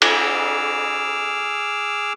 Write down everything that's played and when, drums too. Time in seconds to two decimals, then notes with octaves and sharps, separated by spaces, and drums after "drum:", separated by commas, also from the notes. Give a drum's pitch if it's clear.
0.02 G#4 D6 E6 F6, drum: cymbal